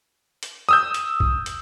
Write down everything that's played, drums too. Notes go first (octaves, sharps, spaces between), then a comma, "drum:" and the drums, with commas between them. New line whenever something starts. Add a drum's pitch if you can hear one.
drum: hi-hat
D#6 E6 G6
drum: hi-hat
drum: kick B1
drum: hi-hat